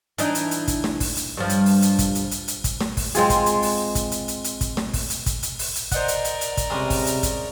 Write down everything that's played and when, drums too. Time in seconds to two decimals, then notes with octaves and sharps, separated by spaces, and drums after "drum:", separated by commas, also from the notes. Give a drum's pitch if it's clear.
0.18 E3 D4 D#4, drum: hi-hat
0.35 drum: hi-hat
0.51 drum: hi-hat
0.68 drum: kick, hi-hat
0.84 drum: snare
1.00 drum: kick, open hi-hat
1.17 drum: hi-hat
1.37 G2 F3
1.49 drum: hi-hat
1.66 drum: open hi-hat
1.82 drum: hi-hat
1.99 drum: kick, hi-hat
2.15 drum: hi-hat
2.31 drum: hi-hat
2.48 drum: hi-hat
2.64 drum: kick, hi-hat
2.81 drum: snare
2.97 drum: kick, open hi-hat
3.15 G#3 C4 F4 G#4, drum: hi-hat
3.30 drum: kick, hi-hat
3.46 drum: hi-hat
3.62 drum: open hi-hat
3.95 drum: kick, hi-hat
4.12 drum: hi-hat
4.28 drum: hi-hat
4.44 drum: hi-hat
4.61 drum: kick, hi-hat
4.77 drum: snare
4.94 drum: kick, open hi-hat
5.10 drum: hi-hat
5.26 drum: kick, hi-hat
5.43 drum: hi-hat
5.59 drum: open hi-hat
5.75 drum: hi-hat
5.91 A#4 C5 D5 D#5 F#5, drum: kick, hi-hat
6.08 drum: hi-hat
6.25 drum: hi-hat
6.41 drum: hi-hat
6.57 drum: kick, hi-hat
6.70 C3 G3 G#3 C#4 C6 D#6
6.90 drum: kick, open hi-hat
7.06 drum: hi-hat
7.23 drum: kick, hi-hat